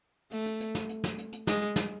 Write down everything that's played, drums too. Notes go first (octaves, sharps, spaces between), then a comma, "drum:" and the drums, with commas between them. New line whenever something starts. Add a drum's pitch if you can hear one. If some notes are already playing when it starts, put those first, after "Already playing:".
A3, drum: hi-hat
drum: hi-hat
drum: hi-hat
drum: snare
drum: hi-hat
drum: snare
drum: hi-hat
drum: hi-hat
G#3, drum: snare
drum: hi-hat
drum: snare